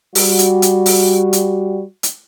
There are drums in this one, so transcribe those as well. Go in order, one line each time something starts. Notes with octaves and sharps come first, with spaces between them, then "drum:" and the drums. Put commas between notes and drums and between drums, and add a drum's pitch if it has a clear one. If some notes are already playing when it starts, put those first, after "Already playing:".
G3 F#4, drum: open hi-hat
drum: hi-hat
drum: hi-hat
drum: open hi-hat
drum: hi-hat
drum: hi-hat